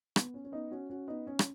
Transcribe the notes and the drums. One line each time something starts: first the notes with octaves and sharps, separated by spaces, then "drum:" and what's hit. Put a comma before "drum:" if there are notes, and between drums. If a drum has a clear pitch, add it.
B3, drum: rim click
C#4
C#4
B3 D#4
C#4 F#4
C#4 F#4
B3 D#4
C#4
drum: rim click